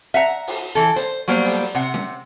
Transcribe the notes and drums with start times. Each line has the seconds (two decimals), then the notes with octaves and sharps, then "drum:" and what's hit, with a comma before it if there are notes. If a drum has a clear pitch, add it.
0.14 E5 F#5 A#5
0.47 drum: open hi-hat
0.75 E3 A4
0.96 C5, drum: hi-hat
1.28 F#3 G3 A#3 B3 C5
1.45 drum: open hi-hat
1.75 C3 F#5
1.94 drum: snare C#4